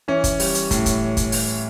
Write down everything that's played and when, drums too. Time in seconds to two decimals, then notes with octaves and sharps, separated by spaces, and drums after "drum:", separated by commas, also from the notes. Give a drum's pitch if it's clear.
0.08 E3 C#4
0.24 drum: kick, hi-hat
0.40 G3, drum: open hi-hat
0.55 drum: hi-hat
0.71 A2, drum: kick, hi-hat
0.86 drum: kick, hi-hat
1.17 drum: kick, hi-hat
1.32 drum: open hi-hat